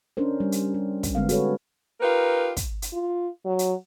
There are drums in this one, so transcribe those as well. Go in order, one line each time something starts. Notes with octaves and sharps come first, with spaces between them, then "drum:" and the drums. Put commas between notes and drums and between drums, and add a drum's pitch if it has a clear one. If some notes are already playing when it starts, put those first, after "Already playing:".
C#4 D4 A#4 C5
G3
drum: hi-hat
G4
drum: kick, hi-hat
D3 G#3 B3 C4 A#4 F5
F#4 G#4 A4 B4 C#5, drum: hi-hat
D#4 F4 G4 A#4 B4
drum: kick, hi-hat
drum: hi-hat
F4
F#3
drum: hi-hat